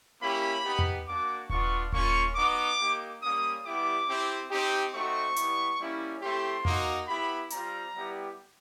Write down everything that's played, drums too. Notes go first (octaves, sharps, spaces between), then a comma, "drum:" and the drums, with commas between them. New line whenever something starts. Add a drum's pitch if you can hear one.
A#3 C#4 E4 G4 B5
B3 D#4 G4
drum: tom E2
A#3 D4 F#4 D6
B3 D4 F4 C#6, drum: kick D#1
A#3 C#4 F4 C#6, drum: kick D#1
B3 D#4 F#4 D6
A#3 D#4 G4
G3 A#3 C#4 D#6
G3 B3 E4 G4 D6
C4 E4 G4
C4 D#4 G4
A3 C4 D#4 F#4 C#6
G3 B3 E4, drum: hi-hat
G3 A#3 C#4 E4
A3 C4 E4 G4 C6
A#3 D#4 F#4, drum: tom E2
B3 E4 G4 B5
G3 C4 F4 A#5, drum: hi-hat
G3 B3 E4 G4